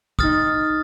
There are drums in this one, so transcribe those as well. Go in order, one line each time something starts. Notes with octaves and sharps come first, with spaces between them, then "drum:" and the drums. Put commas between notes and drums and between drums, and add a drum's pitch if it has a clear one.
C4 D#4 D#6 F6 A6, drum: kick